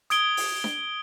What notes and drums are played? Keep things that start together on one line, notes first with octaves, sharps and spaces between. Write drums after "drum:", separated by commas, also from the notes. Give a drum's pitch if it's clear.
D#6 G#6 D7 G7, drum: hi-hat
drum: open hi-hat
drum: snare D4